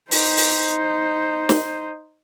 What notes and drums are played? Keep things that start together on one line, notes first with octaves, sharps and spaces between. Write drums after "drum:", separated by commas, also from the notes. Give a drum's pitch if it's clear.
D#4 C5, drum: open hi-hat
drum: open hi-hat
drum: snare